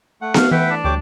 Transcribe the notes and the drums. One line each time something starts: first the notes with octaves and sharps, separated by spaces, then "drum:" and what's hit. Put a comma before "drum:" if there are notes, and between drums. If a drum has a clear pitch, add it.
A3 F#5
F5, drum: snare B3
E3 A3 B4 E5 F#5 G5
D4
D2 G3 C#5 G5 D6